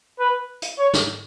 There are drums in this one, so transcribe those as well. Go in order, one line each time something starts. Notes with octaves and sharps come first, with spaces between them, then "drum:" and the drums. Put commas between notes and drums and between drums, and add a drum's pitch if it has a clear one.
B4
drum: hi-hat
C#5
drum: snare